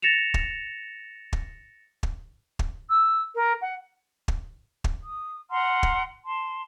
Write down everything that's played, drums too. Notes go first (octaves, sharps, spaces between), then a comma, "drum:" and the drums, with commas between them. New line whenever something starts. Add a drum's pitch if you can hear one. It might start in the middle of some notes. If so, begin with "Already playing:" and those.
A6 A#6 C#7 E7 F7
drum: kick
drum: kick
drum: kick
drum: kick
E6
A#4
F#5
drum: kick
drum: kick
D#6
F#5 A#5 C6 F6
drum: kick
A5 C6